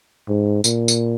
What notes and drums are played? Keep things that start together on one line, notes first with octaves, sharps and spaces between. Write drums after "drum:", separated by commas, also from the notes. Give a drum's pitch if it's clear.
G#2
A#2, drum: tambourine
drum: tambourine